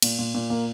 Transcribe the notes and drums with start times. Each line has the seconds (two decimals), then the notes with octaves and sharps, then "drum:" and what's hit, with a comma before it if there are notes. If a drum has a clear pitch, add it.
0.02 A#2, drum: cymbal
0.19 A#2
0.34 A#2
0.50 A#3